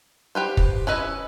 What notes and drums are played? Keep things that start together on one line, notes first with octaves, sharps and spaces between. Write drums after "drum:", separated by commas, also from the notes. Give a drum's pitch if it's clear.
G4 B4 C5
drum: kick
C#4 E4 B4 D#5